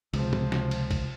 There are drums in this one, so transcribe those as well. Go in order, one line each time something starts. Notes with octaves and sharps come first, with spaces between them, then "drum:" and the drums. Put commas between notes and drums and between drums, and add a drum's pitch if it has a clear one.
C#2 C3 F3, drum: cymbal
drum: tom
drum: snare
drum: cymbal
drum: kick A#1, cymbal